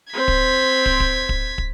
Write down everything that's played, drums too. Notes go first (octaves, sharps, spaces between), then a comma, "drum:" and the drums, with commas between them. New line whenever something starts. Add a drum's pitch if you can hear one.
C4 C5 G#6 B6
drum: kick
drum: kick
drum: kick
drum: kick
drum: kick